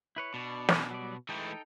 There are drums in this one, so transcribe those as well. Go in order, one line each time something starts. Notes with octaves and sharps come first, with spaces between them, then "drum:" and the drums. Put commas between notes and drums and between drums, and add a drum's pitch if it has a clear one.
E4 B4 C#5
B2 D4 D5 C#6
drum: snare
F#3 G3 D5
E3 G#3 A3 D#4 A4 G5